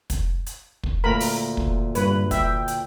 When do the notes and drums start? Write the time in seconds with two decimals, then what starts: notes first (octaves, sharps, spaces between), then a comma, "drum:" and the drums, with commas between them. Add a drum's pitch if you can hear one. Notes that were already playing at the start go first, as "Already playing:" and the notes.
0.10 drum: kick, hi-hat
0.47 drum: hi-hat
0.83 drum: kick
1.04 D2 A#2 A#4 B5
1.20 drum: open hi-hat
1.57 drum: kick
1.95 G2 B4, drum: hi-hat
2.31 E5 G5, drum: kick, hi-hat
2.68 drum: hi-hat